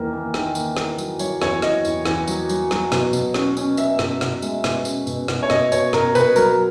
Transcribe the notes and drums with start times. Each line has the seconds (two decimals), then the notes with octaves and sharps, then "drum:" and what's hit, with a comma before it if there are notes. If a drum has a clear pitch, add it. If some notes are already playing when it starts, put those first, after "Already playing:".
Already playing: E2 D#3 A#3
0.13 A#3
0.34 D#3, drum: snare
0.55 A#3, drum: tambourine
0.77 A#3, drum: snare
0.98 F#3, drum: tambourine
1.19 F#3 C#5, drum: tambourine
1.42 E2 C#5, drum: snare
1.62 E2 D#5, drum: snare
1.85 E2, drum: tambourine
2.05 E2, drum: snare
2.27 F#3, drum: tambourine
2.49 F#3, drum: tambourine
2.71 F#3, drum: snare
2.92 B2, drum: snare
3.13 B2, drum: tambourine
3.34 C#4, drum: snare
3.57 C#4, drum: tambourine
3.77 C#4 E5, drum: tambourine
3.99 B2, drum: snare
4.21 B2, drum: snare
4.42 G#3, drum: tambourine
4.64 B2, drum: snare
4.85 C#4, drum: tambourine
5.07 B2, drum: tambourine
5.28 B2, drum: snare
5.43 C#5
5.50 B2 D#5, drum: snare
5.72 B2 C#5, drum: tambourine
5.93 B2 A#4, drum: snare
6.15 B2 B4, drum: tambourine
6.36 F#3 A#4, drum: tambourine